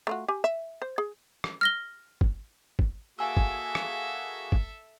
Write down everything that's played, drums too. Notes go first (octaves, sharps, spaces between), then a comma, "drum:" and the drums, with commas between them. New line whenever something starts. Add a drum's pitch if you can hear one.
A3 F4 F#4
G4 G#5
E5
C5
G#4
drum: rim click
F6 A#6 G7
drum: kick
drum: kick
A#3 F#4 G#4 A4 E5 G#5 E6
drum: kick
drum: rim click
drum: kick